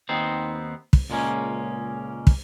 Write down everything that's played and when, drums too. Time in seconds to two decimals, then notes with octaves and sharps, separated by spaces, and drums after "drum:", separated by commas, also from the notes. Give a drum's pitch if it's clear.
0.09 D#2 B3 C4 D#4 C5
0.93 drum: kick
1.10 C#2 A#2 G#3 A#3 C#4
2.27 drum: kick